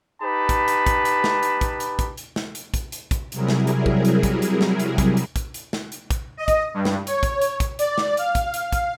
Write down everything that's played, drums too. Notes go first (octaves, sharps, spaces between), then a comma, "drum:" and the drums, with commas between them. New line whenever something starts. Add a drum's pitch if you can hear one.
D#4 G4 B4 A5 B5
drum: kick, hi-hat
drum: hi-hat
drum: kick, hi-hat
drum: hi-hat
drum: snare
drum: hi-hat
drum: kick, hi-hat
drum: hi-hat
drum: kick, hi-hat
drum: hi-hat
drum: snare
drum: hi-hat
drum: kick, hi-hat
drum: hi-hat
drum: kick, hi-hat
C3 F#3 G3 E4 G#4 A#4, drum: hi-hat
drum: snare
drum: hi-hat
drum: kick
drum: hi-hat
drum: kick, hi-hat
drum: hi-hat
drum: snare
drum: hi-hat
drum: kick, hi-hat
drum: hi-hat
drum: kick, hi-hat
drum: hi-hat
drum: snare
drum: hi-hat
drum: kick, hi-hat
D#5
drum: kick, hi-hat
G2
drum: snare
C#5, drum: hi-hat
drum: kick, hi-hat
drum: hi-hat
drum: kick, hi-hat
D5, drum: hi-hat
drum: snare
F5, drum: hi-hat
drum: kick, hi-hat
drum: hi-hat
drum: kick, hi-hat